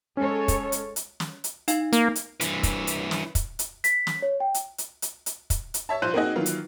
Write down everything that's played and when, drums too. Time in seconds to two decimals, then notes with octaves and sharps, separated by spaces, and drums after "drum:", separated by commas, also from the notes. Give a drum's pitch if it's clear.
0.17 G#3 C#4 A4 C#5
0.48 drum: kick, hi-hat
0.72 drum: hi-hat
0.96 drum: hi-hat
1.20 drum: snare
1.44 drum: hi-hat
1.68 D#4 F5, drum: hi-hat
1.93 A#3, drum: hi-hat
2.15 drum: hi-hat
2.41 G2 E3, drum: hi-hat
2.63 drum: kick, hi-hat
2.87 drum: hi-hat
3.11 drum: snare
3.35 drum: kick, hi-hat
3.59 drum: hi-hat
3.84 B6, drum: hi-hat
4.07 drum: snare
4.22 C#5
4.40 G5
4.54 drum: hi-hat
4.78 drum: hi-hat
5.02 drum: hi-hat
5.26 drum: hi-hat
5.50 drum: kick, hi-hat
5.74 drum: hi-hat
5.89 C#5 E5 A5
6.02 A#1 F4 C5 F#6 D#7
6.14 A#3 C4 D#4 F#4 G#4 D#5
6.36 D#3 E3 F#3 A#3 F4
6.46 drum: hi-hat